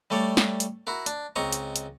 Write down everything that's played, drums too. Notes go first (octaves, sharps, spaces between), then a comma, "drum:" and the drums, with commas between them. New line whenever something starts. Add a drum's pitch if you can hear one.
G3 A3 C#5 D5
drum: snare
drum: hi-hat
E4 F#4 A#4
D4, drum: hi-hat
C#2 C4 D#5 A#5 C#6
drum: hi-hat
drum: hi-hat